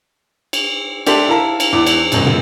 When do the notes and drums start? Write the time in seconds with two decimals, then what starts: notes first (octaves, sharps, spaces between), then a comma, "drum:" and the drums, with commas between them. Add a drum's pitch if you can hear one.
0.53 drum: cymbal
1.07 D4 G4 A4 E5 C6, drum: cymbal
1.28 E4 A#4 F5 A5 A#5
1.60 drum: cymbal
1.72 E2 D4 E4 D6
1.87 drum: cymbal
2.12 C#2 F#2 B2, drum: cymbal
2.27 drum: tom